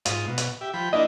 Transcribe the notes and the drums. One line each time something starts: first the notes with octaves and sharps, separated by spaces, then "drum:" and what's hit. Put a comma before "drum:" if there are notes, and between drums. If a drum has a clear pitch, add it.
G#2 F4 D#6, drum: hi-hat
B2
drum: hi-hat
G4 E5
F3 G5 B5
A#3 D4 E4 D#5